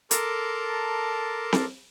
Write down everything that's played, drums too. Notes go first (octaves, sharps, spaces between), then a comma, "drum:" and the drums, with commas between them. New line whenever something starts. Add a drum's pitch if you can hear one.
A4 A#4 A5 A#5 C6 D6, drum: hi-hat
drum: snare C4